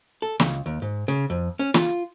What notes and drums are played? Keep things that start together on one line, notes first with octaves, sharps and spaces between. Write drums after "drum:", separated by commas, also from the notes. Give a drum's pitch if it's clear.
A4
C#2, drum: snare
D#2
G#2
C#3
F2
C#4
F4, drum: snare